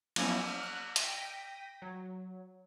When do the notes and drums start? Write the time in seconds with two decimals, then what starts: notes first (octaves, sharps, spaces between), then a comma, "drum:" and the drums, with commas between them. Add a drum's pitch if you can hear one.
0.16 F3 F#3 A#3 B3 C#4 E4, drum: cymbal
0.47 F6
0.63 F#6
0.96 G5 A#6 B6 D#7, drum: hi-hat
1.82 F#3